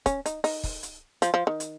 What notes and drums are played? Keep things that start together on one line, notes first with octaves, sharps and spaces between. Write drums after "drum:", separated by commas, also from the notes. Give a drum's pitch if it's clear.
C#4, drum: kick, hi-hat
D#4, drum: hi-hat
D#4, drum: open hi-hat
drum: kick, open hi-hat
drum: hi-hat
F3, drum: hi-hat
F3
D#3
drum: hi-hat